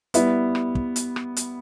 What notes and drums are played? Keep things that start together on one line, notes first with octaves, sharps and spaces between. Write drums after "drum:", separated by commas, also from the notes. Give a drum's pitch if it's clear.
G3 B3 E4, drum: hi-hat
drum: rim click
drum: kick
drum: hi-hat
drum: rim click
drum: hi-hat